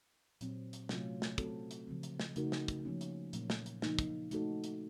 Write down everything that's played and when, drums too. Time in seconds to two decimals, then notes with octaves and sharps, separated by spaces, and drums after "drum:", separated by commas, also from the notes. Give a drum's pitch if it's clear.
0.41 A#2 F#3 C4, drum: hi-hat
0.73 drum: hi-hat
0.89 C3 F#3 A3 C#4 F4, drum: snare
1.22 drum: snare
1.38 A3 C4 F#4 A4, drum: kick, hi-hat
1.71 drum: hi-hat
1.87 C#3 F3 C4
2.03 drum: hi-hat
2.20 drum: snare
2.36 C#3 A3 D#4 F#4 A#4, drum: hi-hat
2.52 drum: snare
2.68 drum: kick, hi-hat
2.85 F3 A#3 C#4
3.01 drum: hi-hat
3.33 A#2 F#3 A#3 C#4, drum: hi-hat
3.50 drum: snare
3.66 drum: hi-hat
3.82 C#3 F3 A#3 D#4, drum: snare
3.99 drum: kick, hi-hat
4.31 A3 D#4 F#4 A4, drum: hi-hat
4.64 drum: hi-hat